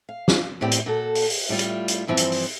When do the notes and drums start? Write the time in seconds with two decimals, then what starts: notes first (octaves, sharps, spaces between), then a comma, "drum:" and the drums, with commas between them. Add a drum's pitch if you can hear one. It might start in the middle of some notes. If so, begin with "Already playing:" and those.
0.09 F5
0.28 drum: snare
0.61 E2 A2 B3 C4 G4 D5
0.72 drum: hi-hat
0.86 A#2 F#4 A4
1.15 drum: open hi-hat
1.30 drum: open hi-hat
1.49 A2 G3 E4 F4
1.59 drum: hi-hat
1.88 drum: hi-hat
2.07 G2 E3 F3 C4
2.17 drum: hi-hat
2.32 drum: open hi-hat